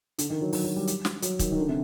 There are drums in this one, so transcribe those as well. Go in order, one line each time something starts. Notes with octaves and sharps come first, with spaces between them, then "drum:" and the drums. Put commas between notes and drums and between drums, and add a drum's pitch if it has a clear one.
D3, drum: hi-hat
D#3
F#3
F#3, drum: open hi-hat
F#3
G3
drum: hi-hat
drum: snare
F#3, drum: hi-hat
D#3, drum: kick, hi-hat
D#3
D3
C3